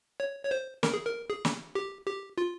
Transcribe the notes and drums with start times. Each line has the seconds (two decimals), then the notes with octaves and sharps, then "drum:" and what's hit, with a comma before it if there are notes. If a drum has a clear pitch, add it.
0.20 C#5
0.45 C#5
0.51 C5
0.83 A#4, drum: snare
0.94 G#4
1.06 A#4
1.30 G#4
1.45 drum: snare
1.75 G4
2.06 G4
2.38 F4